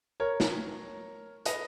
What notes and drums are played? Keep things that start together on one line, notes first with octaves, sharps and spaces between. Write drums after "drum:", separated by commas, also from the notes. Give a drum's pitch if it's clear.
A#4 C#5
drum: snare
B4 D#5, drum: hi-hat